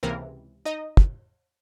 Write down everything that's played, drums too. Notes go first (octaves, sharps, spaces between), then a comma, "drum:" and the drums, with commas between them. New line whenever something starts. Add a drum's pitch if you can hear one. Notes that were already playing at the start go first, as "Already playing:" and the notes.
C#2 C3 E3 A#3 A#4
D#4 D#5
drum: kick